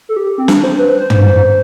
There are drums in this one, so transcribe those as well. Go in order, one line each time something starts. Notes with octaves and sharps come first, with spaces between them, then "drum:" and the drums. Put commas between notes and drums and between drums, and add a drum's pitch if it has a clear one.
A4
G4
C4
D4, drum: snare
C5
B4
C5
C5, drum: tom